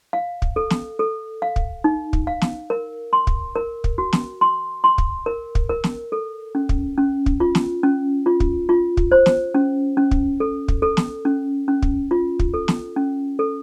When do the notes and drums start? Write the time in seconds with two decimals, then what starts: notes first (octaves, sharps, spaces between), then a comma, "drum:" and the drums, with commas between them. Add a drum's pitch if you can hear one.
0.13 F5
0.42 drum: kick
0.56 A4
0.70 drum: snare
0.99 A4
1.42 F5
1.56 drum: kick
1.84 D#4
2.13 drum: kick
2.27 F5
2.42 drum: snare
2.70 A#4
3.13 C6
3.27 drum: kick
3.56 A#4
3.84 drum: kick
3.98 F#4
4.13 drum: snare
4.41 C6
4.84 C6
4.98 drum: kick
5.26 A#4
5.55 drum: kick
5.69 A#4
5.84 drum: snare
6.12 A4
6.55 C#4
6.69 drum: kick
6.98 C#4
7.26 drum: kick
7.40 F4
7.55 drum: snare
7.83 C#4
8.26 F4
8.40 drum: kick
8.69 F4
8.97 drum: kick
9.12 C5
9.26 drum: snare
9.54 C#4
9.97 C#4
10.11 drum: kick
10.40 A4
10.68 drum: kick
10.82 A4
10.97 drum: snare
11.25 C#4
11.68 C#4
11.82 drum: kick
12.11 F4
12.39 drum: kick
12.54 A4
12.68 drum: snare
12.96 C#4
13.39 A4